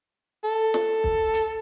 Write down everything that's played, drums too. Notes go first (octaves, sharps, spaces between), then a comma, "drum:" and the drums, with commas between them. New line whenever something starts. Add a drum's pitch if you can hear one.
A4
drum: snare
drum: kick
drum: hi-hat